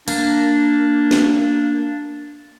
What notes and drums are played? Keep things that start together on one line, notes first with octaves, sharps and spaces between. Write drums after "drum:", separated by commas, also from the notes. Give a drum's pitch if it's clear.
A#3 D4, drum: cymbal
drum: snare